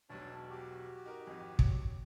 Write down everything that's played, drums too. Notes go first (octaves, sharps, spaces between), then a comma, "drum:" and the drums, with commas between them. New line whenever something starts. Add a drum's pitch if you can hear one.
E1 B1 B2 D4 C#5 A5
F#4 G4
D#4 A#4
G#1 F2
C#5, drum: kick